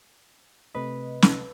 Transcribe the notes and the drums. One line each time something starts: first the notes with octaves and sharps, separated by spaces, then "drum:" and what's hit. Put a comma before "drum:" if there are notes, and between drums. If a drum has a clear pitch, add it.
C3 A3 B4 D#5
drum: snare